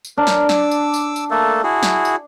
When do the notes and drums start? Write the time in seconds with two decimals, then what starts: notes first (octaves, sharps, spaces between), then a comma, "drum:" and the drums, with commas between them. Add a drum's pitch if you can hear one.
0.05 drum: tambourine
0.18 D4 A#4
0.27 drum: snare
0.49 D6 E6, drum: snare
0.71 drum: tambourine
0.94 drum: tambourine
1.16 drum: tambourine
1.31 A3 A#3 A4
1.64 E4 F#4 G#4
1.83 drum: snare
2.05 drum: tambourine